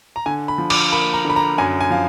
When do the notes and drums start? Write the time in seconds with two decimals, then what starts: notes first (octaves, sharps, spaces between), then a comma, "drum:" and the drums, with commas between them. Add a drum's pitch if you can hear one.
0.16 A#5
0.26 D3 G#5
0.48 B5
0.58 F3
0.70 D6, drum: cymbal
0.92 A#3 B5
1.13 A#5
1.25 D3 B5
1.36 A#5
1.58 F#2 G#5
1.81 G#5
1.90 F3 F5